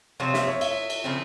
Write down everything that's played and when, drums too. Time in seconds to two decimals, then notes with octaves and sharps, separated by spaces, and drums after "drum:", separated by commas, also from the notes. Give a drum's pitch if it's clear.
0.20 C3 F3 C4 F4 C#5
0.34 E5, drum: snare
0.47 C#5
0.61 E5, drum: cymbal
0.90 drum: cymbal
1.04 C#3 F3 C4